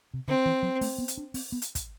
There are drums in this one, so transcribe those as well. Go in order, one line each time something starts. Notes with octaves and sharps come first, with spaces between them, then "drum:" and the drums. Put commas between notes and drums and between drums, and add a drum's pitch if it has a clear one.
C3
D3 C4
E3
F#3
A3, drum: open hi-hat
B3
drum: hi-hat
D4
C4, drum: open hi-hat
B3
drum: hi-hat
drum: kick, hi-hat